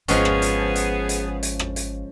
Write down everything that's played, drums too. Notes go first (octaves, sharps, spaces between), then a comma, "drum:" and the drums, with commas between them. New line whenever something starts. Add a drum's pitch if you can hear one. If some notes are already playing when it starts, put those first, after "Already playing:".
G#1 F3 G#3 B3 C#4 F4 G#4, drum: hi-hat
drum: rim click
drum: hi-hat
drum: hi-hat
drum: hi-hat
drum: hi-hat
drum: rim click
drum: hi-hat